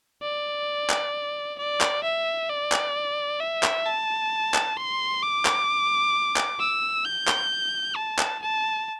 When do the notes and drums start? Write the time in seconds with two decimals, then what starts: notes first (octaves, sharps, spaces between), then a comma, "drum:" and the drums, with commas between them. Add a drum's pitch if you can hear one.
0.22 D5
0.90 drum: clap
1.58 D5
1.81 drum: clap
2.04 E5
2.49 D5
2.72 drum: clap
3.40 E5
3.63 drum: clap
3.86 A5
4.54 drum: clap
4.77 C6
5.22 D6
5.45 drum: clap
6.36 drum: clap
6.59 E6
7.05 G6
7.28 drum: clap
7.96 A5
8.19 drum: clap
8.42 A5